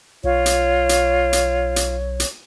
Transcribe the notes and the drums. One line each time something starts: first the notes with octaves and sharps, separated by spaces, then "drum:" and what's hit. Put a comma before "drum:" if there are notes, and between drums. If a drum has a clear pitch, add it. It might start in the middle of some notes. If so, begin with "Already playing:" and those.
B1 F4 C#5
drum: hi-hat
drum: hi-hat
drum: hi-hat
drum: hi-hat
drum: hi-hat